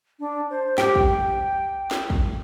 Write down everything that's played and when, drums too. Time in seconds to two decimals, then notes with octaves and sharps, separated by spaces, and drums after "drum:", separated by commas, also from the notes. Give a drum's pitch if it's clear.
0.19 D4
0.50 C5
0.78 G4 G5, drum: snare
0.96 drum: kick
1.91 drum: snare
2.10 drum: kick